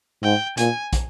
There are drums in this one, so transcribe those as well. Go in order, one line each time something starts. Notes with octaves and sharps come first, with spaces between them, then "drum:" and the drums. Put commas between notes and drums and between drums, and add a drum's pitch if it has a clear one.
G#2 G5
A#2 G#5, drum: hi-hat
drum: kick, hi-hat